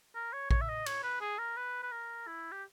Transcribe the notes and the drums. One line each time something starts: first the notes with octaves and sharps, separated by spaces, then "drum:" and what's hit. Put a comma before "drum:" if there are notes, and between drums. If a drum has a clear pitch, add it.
A#4
C#5
C#5, drum: kick A1
E5
D#5
C#5, drum: cymbal
B4
G#4
A#4
B4
B4
A#4
E4
G4